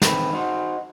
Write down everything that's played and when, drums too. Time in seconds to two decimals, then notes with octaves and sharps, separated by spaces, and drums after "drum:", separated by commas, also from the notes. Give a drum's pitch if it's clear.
0.02 D#3 C4 B4, drum: snare
0.32 D#4 F#4 C5